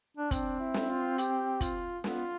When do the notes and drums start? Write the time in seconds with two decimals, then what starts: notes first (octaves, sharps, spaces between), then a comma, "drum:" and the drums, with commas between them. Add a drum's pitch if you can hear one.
0.17 D4
0.31 C4 D4, drum: kick, hi-hat
0.59 E4
0.74 drum: snare
0.89 F4
1.18 G4, drum: hi-hat
1.61 F4, drum: kick, hi-hat
2.04 B3 F4, drum: snare